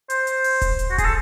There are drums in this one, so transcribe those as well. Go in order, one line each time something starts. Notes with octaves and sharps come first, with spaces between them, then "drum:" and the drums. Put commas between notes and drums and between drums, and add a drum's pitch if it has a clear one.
C5, drum: hi-hat
drum: hi-hat
drum: open hi-hat
drum: kick D#1, hi-hat
drum: hi-hat
F#4
G#4, drum: kick D#1, hi-hat
A4